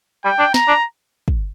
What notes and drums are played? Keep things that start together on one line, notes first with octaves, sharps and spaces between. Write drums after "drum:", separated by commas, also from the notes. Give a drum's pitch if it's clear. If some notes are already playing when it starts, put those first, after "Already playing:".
G3 G5
D4
A#5, drum: snare
D4
drum: kick